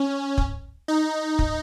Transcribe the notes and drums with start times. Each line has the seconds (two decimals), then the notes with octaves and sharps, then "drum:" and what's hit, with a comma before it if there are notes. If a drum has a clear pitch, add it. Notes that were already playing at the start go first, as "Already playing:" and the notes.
Already playing: C#4
0.38 drum: kick
0.88 D#4
1.39 drum: kick